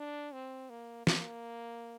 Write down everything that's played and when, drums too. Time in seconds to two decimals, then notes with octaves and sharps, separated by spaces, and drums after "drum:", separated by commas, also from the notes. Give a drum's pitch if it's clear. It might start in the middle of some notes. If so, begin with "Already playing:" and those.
Already playing: D4
0.32 C4
0.70 A#3
1.07 A#3, drum: snare